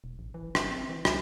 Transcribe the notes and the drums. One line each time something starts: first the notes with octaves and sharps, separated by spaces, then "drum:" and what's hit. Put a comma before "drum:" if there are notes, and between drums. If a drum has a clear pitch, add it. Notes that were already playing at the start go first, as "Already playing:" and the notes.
E1
A1
E3
G1, drum: rim click
C4
E3
C#2, drum: rim click